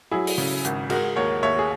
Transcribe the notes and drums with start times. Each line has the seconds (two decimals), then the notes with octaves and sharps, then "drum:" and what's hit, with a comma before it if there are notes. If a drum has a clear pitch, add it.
0.11 F#3 E4 G#4
0.27 drum: open hi-hat
0.38 C#3
0.65 G#1, drum: hi-hat
0.90 G#3 F#4 A#4, drum: cymbal
1.16 D#2 A#4 C#5
1.43 D#2 C#5 E5
1.59 G#4